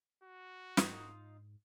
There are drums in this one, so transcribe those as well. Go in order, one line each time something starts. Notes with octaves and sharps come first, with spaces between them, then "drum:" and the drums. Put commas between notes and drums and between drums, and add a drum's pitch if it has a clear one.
F#4
G#2 D#4 F4, drum: snare